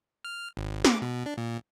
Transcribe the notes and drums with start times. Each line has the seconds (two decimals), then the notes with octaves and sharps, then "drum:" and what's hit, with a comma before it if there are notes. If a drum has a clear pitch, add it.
0.24 F6
0.57 G#1
0.85 D6, drum: snare
1.02 B2
1.26 D4
1.38 A#2